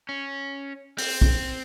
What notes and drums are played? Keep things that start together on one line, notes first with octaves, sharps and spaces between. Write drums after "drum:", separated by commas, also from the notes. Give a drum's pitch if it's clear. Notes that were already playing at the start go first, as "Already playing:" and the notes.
C#4
C4, drum: open hi-hat
drum: kick